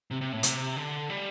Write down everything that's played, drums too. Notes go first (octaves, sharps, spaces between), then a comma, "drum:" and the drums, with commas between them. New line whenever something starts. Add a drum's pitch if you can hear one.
C3
C3
A2
C3, drum: hi-hat
D3
G3